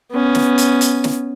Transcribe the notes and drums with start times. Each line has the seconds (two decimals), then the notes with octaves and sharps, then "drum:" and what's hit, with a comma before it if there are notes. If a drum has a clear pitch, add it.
0.11 B3 C#4
0.35 drum: snare
0.58 drum: hi-hat
0.81 drum: hi-hat
1.04 drum: snare